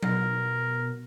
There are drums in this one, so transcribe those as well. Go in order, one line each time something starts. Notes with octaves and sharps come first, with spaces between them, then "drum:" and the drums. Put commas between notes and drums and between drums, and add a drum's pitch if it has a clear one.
B2 A#4, drum: tom F#3